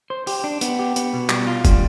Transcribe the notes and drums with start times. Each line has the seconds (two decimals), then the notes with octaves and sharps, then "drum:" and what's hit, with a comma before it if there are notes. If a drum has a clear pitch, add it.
0.10 C5
0.27 G4, drum: open hi-hat
0.44 D4
0.61 B3, drum: hi-hat
0.79 G4
0.96 B3, drum: hi-hat
1.13 B2
1.29 G3, drum: clap
1.47 F4
1.65 G3, drum: kick F1, hi-hat